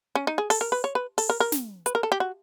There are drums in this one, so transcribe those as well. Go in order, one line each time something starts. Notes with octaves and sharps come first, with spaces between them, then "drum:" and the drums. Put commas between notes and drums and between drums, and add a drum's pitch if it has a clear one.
C#4
D#4
G#4
A4, drum: open hi-hat
A#4
B4
C#5
B4
A4, drum: open hi-hat
A#4
A#4
drum: snare
B4, drum: hi-hat
A#4
A4
G4
F#4